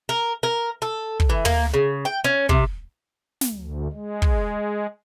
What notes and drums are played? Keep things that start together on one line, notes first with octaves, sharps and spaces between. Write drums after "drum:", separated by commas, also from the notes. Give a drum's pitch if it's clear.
A#4
A#4
A4
drum: kick
E3
A#3, drum: tom
C#3
G5
C#4
C3, drum: kick
drum: snare
D2
G#3
drum: kick